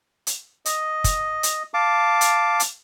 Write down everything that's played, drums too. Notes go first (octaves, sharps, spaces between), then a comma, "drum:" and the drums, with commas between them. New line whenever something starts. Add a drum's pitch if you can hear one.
drum: hi-hat
D#5, drum: hi-hat
drum: kick, hi-hat
drum: hi-hat
F5 A5 D6
drum: hi-hat
drum: hi-hat